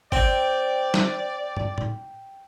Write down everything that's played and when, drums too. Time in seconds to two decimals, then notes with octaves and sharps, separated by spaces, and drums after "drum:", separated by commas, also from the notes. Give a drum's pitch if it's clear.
0.12 C4 D5 G5, drum: kick
0.94 drum: snare
1.57 drum: tom
1.78 drum: tom